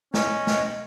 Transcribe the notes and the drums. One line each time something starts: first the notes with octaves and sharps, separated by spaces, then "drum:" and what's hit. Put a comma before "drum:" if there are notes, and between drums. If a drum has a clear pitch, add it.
C#4 D#5, drum: snare
drum: snare